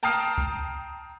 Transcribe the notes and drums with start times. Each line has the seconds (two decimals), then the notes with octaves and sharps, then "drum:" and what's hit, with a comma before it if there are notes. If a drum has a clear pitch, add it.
0.03 G5 A5 A#5 D#6 F6 C7
0.20 drum: hi-hat
0.38 drum: kick C2